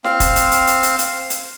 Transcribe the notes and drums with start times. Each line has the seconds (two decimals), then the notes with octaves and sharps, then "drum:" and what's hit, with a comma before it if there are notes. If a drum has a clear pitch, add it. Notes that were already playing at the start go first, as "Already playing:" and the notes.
0.04 C4 F5, drum: snare
0.20 drum: kick, hi-hat
0.36 drum: hi-hat
0.51 drum: hi-hat
0.67 drum: hi-hat
0.83 drum: hi-hat
0.99 drum: hi-hat
1.30 drum: hi-hat